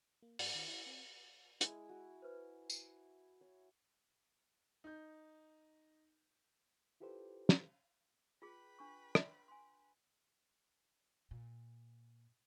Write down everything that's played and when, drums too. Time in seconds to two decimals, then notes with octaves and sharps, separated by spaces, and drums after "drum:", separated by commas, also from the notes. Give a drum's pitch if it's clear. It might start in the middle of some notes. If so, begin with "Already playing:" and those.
0.22 A#3
0.39 G#2, drum: open hi-hat
0.55 D#3
0.68 E4
0.86 C4
1.61 G#3 E4, drum: hi-hat
1.89 F#4
2.22 B4 C5
2.70 drum: tambourine
3.41 C#5
4.84 D#4 G6
7.00 E4 F4 G4 A4 B4 C5
7.49 drum: snare
8.42 F4 G#4 B4 G5 B5
8.79 D4 C#6
9.15 drum: rim click
9.48 G#5 C6
11.31 A#2